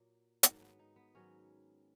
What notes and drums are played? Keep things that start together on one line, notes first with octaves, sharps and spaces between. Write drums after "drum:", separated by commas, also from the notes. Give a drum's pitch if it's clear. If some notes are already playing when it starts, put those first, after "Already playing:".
Already playing: A#2 F#3
G#2 D#3 F#3 A#3, drum: hi-hat
B3
D#4
B3
G#2 D#3 F#3 C#4